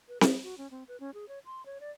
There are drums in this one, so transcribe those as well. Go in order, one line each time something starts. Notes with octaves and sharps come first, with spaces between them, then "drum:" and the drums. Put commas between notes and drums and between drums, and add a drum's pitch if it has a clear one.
B4
G#4, drum: snare C4
F#4
C#4
C4
B4
C#4
G#4
C#5
C6
C#5
D5